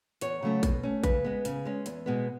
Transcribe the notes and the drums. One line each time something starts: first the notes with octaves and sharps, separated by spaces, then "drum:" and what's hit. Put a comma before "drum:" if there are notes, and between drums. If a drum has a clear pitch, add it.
E2 C#5, drum: hi-hat
C#3 F#3 A3 C#4
B2, drum: kick A1, hi-hat
A3 C#4
C#3 B4, drum: kick A1, hi-hat
G#3 B3
C#3, drum: hi-hat
G#3 C#4
E2, drum: hi-hat
B2 G#3 B3